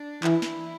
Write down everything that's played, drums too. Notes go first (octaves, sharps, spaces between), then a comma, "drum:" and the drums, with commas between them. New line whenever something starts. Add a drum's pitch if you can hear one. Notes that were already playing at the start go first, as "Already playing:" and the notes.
Already playing: D4
E3 E4, drum: clap
drum: snare